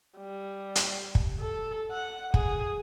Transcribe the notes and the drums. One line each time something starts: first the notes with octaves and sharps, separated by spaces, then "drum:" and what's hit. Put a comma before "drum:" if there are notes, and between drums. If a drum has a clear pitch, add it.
G3
drum: hi-hat
drum: kick
A4
F#5
G#4, drum: kick